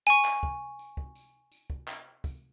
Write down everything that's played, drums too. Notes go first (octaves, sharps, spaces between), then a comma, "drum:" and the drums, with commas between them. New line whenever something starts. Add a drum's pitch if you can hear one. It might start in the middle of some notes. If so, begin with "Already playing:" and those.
G#5 C#6, drum: tambourine
drum: clap
drum: kick
drum: tambourine
drum: kick
drum: tambourine
drum: tambourine
drum: kick
drum: clap
drum: kick, tambourine